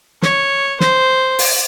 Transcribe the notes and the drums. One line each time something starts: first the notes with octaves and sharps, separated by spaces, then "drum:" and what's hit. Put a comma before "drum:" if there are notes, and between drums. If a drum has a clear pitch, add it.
C#5, drum: snare
C5, drum: snare
drum: open hi-hat